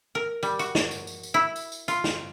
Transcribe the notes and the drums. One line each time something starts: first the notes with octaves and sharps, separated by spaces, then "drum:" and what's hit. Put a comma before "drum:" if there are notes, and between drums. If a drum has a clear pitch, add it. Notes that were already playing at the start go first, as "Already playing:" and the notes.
A#4
G3, drum: tambourine
F#4, drum: tambourine
drum: snare
drum: tambourine
drum: tambourine
drum: tambourine
E4
drum: tambourine
drum: tambourine
F4, drum: tambourine
drum: snare